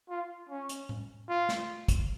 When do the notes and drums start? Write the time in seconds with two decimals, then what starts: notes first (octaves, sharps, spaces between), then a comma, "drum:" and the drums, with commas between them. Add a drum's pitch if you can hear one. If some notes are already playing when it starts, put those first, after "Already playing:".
0.10 F4
0.49 C#4
0.69 drum: hi-hat
0.89 drum: tom A2
1.29 F4
1.49 drum: snare
1.88 drum: kick, hi-hat